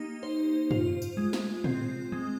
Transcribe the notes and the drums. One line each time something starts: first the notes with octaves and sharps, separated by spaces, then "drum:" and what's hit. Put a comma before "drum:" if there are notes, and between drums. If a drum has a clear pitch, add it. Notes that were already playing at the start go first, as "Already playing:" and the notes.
Already playing: A#3 D#4 G4
C5
F4, drum: tom
drum: tambourine
G#3
drum: snare
C4, drum: tom
G#3